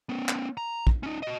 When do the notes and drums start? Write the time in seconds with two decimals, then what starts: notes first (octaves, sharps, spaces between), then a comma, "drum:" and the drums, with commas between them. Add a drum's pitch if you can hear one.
0.09 B3 C#4
0.28 drum: clap
0.57 A#5
0.87 drum: kick
1.03 C#4 D#4
1.23 F#4 D#5